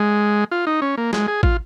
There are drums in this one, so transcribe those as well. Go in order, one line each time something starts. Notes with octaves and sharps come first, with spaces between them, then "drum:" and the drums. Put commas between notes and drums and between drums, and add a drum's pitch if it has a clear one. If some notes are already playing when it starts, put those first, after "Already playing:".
Already playing: G#3
F4
D#4
C#4
A#3
G#3, drum: snare
G#4
F4, drum: kick